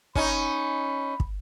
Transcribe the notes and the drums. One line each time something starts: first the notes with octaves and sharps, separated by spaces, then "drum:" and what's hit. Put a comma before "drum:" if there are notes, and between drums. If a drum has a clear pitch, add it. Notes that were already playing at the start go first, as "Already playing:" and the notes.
C#4 D#4 B5, drum: kick
drum: kick